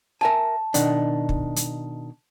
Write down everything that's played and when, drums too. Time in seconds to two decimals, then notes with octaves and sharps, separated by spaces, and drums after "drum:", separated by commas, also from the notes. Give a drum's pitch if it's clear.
0.21 A#4 E5 G#5 A5
0.74 B2 D#3 D4, drum: hi-hat
1.29 drum: kick
1.56 drum: hi-hat